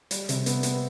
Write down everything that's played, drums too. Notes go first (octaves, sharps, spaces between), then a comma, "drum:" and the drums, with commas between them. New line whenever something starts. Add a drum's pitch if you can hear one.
G3, drum: hi-hat
C3, drum: hi-hat
B3, drum: hi-hat
B3, drum: hi-hat